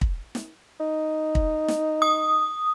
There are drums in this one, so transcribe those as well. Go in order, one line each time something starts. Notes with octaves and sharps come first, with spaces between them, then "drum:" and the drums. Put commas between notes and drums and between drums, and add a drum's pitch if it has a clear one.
drum: kick
drum: snare
D#4
drum: kick
drum: snare
D#6